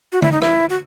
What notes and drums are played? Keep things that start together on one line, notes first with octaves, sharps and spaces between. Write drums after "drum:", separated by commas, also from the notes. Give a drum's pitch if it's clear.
F#4
E4, drum: tom D3
D#4
E4, drum: rim click
F#4